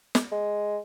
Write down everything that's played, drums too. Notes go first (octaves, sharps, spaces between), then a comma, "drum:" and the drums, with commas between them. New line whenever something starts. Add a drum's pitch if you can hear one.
drum: snare
G#3